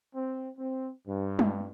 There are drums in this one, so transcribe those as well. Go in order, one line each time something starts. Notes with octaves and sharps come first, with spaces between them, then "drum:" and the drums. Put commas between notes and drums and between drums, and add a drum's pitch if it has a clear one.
C4
C4
G2
drum: tom G3